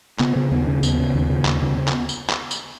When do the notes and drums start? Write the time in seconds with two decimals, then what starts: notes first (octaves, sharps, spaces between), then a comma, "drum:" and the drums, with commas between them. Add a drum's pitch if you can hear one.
0.19 C#3 B3, drum: clap
0.36 C#3 B3
0.51 D#2 B3
0.67 C#3 C#4
0.83 D#2 B3, drum: tambourine
0.99 C#3
1.15 D#2
1.30 C#3
1.45 D#2, drum: clap
1.62 C#3
1.77 C#3
1.88 drum: clap
2.09 drum: tambourine
2.30 drum: clap
2.51 drum: tambourine